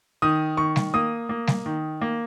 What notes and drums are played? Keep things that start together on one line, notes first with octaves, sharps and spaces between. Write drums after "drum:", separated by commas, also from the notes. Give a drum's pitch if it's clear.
D#3 D#6
D#3 C#6
drum: snare G3
A#3 D#6
A#3
drum: snare G3
D#3
A#3